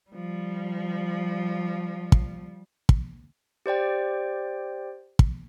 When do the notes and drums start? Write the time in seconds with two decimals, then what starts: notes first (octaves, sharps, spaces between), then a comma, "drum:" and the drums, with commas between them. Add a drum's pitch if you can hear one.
0.11 F3 G3
2.12 drum: kick
2.89 drum: kick
3.66 G4 C5 D5 G5
5.19 drum: kick